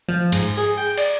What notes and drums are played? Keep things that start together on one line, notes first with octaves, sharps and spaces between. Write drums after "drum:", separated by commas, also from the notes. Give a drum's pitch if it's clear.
F3
G#2, drum: cymbal
G#4
G5
D5, drum: cymbal